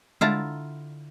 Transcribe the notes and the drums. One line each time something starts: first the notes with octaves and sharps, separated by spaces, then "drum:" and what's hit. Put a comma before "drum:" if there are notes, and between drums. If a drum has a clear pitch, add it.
D3 E4 F4 F5 A5 A#5, drum: tom G#3